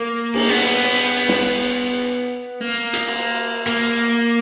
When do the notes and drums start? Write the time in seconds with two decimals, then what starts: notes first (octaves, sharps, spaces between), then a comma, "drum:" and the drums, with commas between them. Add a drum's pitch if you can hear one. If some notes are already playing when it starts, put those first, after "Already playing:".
Already playing: A#3
0.34 drum: cymbal
0.49 B3
1.29 drum: snare
2.61 A#3
2.93 drum: hi-hat
3.09 drum: cymbal
3.67 A#3